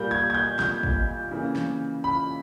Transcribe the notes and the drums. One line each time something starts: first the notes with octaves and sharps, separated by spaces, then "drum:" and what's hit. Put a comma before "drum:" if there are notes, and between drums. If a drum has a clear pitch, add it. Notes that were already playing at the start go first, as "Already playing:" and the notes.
Already playing: A#2 G3 A#3 G6
G#6
G#6
G6
G6, drum: snare
drum: kick
C#3 E3 A#3
drum: snare
B5